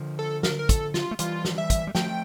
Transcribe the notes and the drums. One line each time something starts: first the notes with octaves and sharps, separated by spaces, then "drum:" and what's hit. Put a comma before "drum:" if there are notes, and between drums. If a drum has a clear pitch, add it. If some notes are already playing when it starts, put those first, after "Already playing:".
Already playing: D3 F3
A4
A#4, drum: snare
A#4
A4, drum: kick, hi-hat
F4, drum: snare
A3
E3 G3 F4, drum: hi-hat
drum: snare
E5
drum: kick, hi-hat
G3
F3 A3 G5, drum: snare